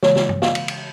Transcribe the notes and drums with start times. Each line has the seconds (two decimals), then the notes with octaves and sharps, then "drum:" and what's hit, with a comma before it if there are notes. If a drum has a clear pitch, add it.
0.03 C#3 E3 G#3 C#5, drum: snare
0.16 drum: snare
0.29 drum: tom G2
0.42 F5, drum: snare
0.55 drum: cymbal
0.68 drum: cymbal